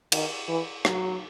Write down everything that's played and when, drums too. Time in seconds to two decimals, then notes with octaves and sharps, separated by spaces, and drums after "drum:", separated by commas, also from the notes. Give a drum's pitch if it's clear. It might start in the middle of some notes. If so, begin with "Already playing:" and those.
0.12 D#3, drum: cymbal
0.48 E3
0.85 F#3, drum: rim click